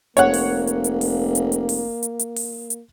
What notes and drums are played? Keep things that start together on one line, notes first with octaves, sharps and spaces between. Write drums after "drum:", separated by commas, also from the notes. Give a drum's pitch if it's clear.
F1 A#3 C#5 F#5, drum: hi-hat
drum: open hi-hat
drum: hi-hat
drum: hi-hat
drum: open hi-hat
drum: hi-hat
drum: hi-hat
drum: open hi-hat
drum: hi-hat
drum: hi-hat
drum: open hi-hat
drum: hi-hat